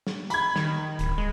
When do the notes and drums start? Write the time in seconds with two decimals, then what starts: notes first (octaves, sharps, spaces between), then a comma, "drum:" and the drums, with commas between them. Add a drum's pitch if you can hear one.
0.07 drum: snare
0.30 B5 G#6, drum: hi-hat
0.56 D#3, drum: snare
0.99 D1, drum: hi-hat
1.18 G#3